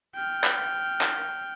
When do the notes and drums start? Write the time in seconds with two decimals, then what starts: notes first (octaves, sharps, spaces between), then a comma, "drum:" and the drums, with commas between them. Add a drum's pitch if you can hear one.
0.15 G5 F6
0.44 drum: clap
1.01 drum: clap